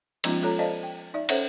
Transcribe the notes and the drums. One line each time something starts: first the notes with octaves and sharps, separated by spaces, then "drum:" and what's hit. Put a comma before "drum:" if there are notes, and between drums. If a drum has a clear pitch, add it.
F3 G#3 B3 C#4 D#4 F4, drum: cymbal
G#3 F4 A4 C#5 A#5
A4 C5 D5 D#5 F5 A5
G5
D#4 D5 E5
C#4 A4 C5 C#5 E5 F#5, drum: cymbal